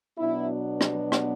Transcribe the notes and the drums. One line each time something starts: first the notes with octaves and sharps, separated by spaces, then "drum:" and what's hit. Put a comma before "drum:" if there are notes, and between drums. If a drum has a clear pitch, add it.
B2 F#3 B3 D4 E4
drum: rim click
drum: rim click